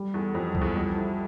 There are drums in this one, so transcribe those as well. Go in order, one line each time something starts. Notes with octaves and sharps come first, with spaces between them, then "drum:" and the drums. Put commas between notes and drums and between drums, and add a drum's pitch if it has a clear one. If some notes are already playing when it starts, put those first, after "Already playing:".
Already playing: G3
E2 A4
F2 G3
G3, drum: kick C2
E2
F2 G3
E4